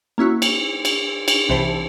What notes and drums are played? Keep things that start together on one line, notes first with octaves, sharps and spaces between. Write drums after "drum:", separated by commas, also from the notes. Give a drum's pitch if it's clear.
A#3 C#4 E4 F#4
drum: cymbal
drum: cymbal
drum: cymbal
C2 C3 E3 C5 A5